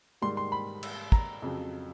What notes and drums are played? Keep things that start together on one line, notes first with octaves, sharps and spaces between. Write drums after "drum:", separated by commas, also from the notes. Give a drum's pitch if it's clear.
G#2 D#3 G3 C6
C6
B5
drum: cymbal
A#5, drum: kick
F2 C#3 F#3